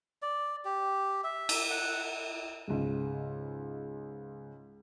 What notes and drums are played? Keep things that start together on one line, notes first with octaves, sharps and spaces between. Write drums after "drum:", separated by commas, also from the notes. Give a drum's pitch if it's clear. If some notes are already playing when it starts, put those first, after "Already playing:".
D5
G4
E5
drum: cymbal
F#5
C#2 G#2